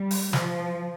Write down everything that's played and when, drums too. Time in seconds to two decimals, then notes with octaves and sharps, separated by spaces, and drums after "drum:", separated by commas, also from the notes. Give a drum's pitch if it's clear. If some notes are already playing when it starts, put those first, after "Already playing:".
Already playing: G3
0.11 drum: open hi-hat
0.33 F3, drum: snare